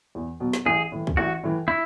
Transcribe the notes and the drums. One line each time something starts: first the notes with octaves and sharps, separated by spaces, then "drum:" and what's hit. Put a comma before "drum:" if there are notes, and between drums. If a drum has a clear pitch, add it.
E2
B2 F#3
drum: snare
A1 G#4
A2 E3
drum: kick
A1 F#4
A2 E3
E4